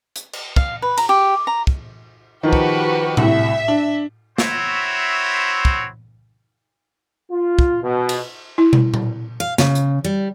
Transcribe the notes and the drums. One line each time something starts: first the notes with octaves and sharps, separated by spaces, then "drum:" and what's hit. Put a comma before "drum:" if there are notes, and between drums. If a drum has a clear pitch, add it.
drum: hi-hat
drum: cymbal
F5, drum: kick
B4
A#5, drum: cymbal
G4
A#5
drum: kick
D#3 F3 F#4 G4 B4
drum: kick
C2 A2 E5, drum: tom A2
D4
C4 E4 F#4 C5 C#5 E5, drum: snare
drum: kick
F4
drum: kick
B2
drum: cymbal
E4
drum: tom
drum: tom A#2
F5
C#3, drum: snare
drum: hi-hat
G3